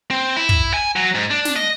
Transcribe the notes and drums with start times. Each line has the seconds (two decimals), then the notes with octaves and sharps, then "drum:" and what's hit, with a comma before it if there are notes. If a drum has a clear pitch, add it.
0.11 C4
0.36 E4
0.49 drum: kick
0.74 G#5
0.96 F#3
1.15 G#2
1.31 D4
1.45 drum: snare
1.56 D#5